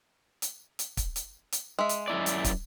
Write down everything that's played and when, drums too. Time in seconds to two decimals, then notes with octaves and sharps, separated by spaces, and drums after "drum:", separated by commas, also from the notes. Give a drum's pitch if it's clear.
0.42 drum: hi-hat
0.79 drum: hi-hat
0.97 drum: kick, hi-hat
1.16 drum: hi-hat
1.52 drum: hi-hat
1.79 G#3 E5
1.89 drum: hi-hat
2.08 F#2 E4 D5
2.26 drum: hi-hat
2.45 drum: kick, hi-hat